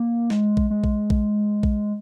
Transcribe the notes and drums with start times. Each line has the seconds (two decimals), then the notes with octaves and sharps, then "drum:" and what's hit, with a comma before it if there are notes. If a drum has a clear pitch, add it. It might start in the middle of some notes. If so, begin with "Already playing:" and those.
Already playing: A#3
0.30 G#3, drum: snare
0.57 drum: kick A#1
0.70 G#3
0.84 drum: kick A#1
1.10 drum: kick A#1
1.63 drum: kick A#1